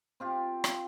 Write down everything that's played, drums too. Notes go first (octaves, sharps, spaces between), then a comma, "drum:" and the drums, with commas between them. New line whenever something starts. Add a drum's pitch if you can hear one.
C4 F4 G4
drum: rim click